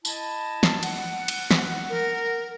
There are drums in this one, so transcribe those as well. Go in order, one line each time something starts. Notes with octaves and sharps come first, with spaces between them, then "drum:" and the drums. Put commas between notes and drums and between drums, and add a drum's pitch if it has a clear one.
E4 D#5 A5, drum: tambourine
drum: snare
F#5, drum: cymbal
drum: cymbal
drum: snare
A#4